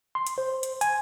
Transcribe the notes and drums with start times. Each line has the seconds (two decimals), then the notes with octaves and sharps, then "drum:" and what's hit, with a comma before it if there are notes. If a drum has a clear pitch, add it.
0.15 C6
0.27 drum: hi-hat
0.38 C5
0.63 drum: hi-hat
0.81 G#5, drum: hi-hat